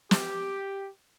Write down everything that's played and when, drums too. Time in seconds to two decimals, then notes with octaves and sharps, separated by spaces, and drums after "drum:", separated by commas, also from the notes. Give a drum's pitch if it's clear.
0.11 G4, drum: snare